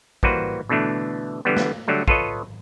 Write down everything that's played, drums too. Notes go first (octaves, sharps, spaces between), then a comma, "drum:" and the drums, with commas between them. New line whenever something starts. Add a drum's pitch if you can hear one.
E3 G3 A#3 F#4 B4 C5, drum: kick
B2 D3 E3 A3 D4
D3 E3 G3 B3
drum: snare
D3 F#3 G3 A3
F4 A4 B4 C#5 D#5, drum: kick